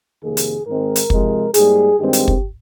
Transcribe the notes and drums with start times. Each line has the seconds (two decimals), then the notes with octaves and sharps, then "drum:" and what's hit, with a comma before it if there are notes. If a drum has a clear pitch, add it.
0.22 F2 C3 D#3 A#3 G#4
0.37 drum: hi-hat
0.66 G#2 D#3 G#3 C4 A#4
0.96 drum: hi-hat
1.10 C3 F3 G#3, drum: kick
1.54 G#2 G3 A#3 G#4, drum: hi-hat
1.99 G2 D#3 G#3 C4 G4
2.13 drum: hi-hat
2.28 drum: kick